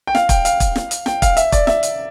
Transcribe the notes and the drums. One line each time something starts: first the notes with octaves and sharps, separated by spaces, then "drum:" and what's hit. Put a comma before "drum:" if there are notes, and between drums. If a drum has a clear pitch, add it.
G5
F5, drum: snare
G5, drum: kick, hi-hat
F5, drum: hi-hat
drum: kick, hi-hat
drum: snare
drum: hi-hat
G5, drum: snare
F5, drum: kick, hi-hat
E5, drum: hi-hat
D5, drum: kick, hi-hat
E5, drum: snare
drum: hi-hat